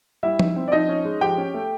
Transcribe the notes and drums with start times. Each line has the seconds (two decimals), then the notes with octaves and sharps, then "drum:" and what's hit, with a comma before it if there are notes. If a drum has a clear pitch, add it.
0.23 G3 E4 E5
0.39 D#4, drum: tom F3
0.56 C4
0.68 D5
0.72 F3 D#4 D#5
0.89 C#4
1.05 G#3
1.21 F3 G4 G5
1.38 C#4
1.54 A3